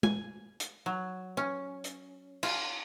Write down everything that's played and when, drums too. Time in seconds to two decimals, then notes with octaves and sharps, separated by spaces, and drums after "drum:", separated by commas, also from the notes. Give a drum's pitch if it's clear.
0.03 G#5, drum: tom
0.60 drum: hi-hat
0.86 F#3
1.37 C#4
1.84 drum: hi-hat
2.43 F4, drum: cymbal